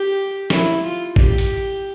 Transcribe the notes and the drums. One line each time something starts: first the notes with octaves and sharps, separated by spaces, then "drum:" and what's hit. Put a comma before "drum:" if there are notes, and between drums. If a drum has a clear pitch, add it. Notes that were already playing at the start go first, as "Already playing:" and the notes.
Already playing: G4
E4, drum: snare
F4
G4, drum: kick A1
drum: hi-hat